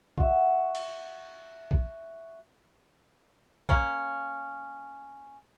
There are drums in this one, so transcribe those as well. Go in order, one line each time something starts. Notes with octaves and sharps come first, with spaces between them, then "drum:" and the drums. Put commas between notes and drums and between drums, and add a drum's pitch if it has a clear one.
F#4 E5, drum: kick A#1
drum: cymbal
drum: kick A#1
A#3 C#4, drum: kick A#1